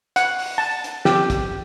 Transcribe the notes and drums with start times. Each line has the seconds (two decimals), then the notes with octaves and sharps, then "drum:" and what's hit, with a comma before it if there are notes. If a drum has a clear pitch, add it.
0.16 F#5, drum: hi-hat
0.39 drum: open hi-hat
0.58 A5
0.84 drum: hi-hat
1.05 G4, drum: snare
1.30 drum: kick, hi-hat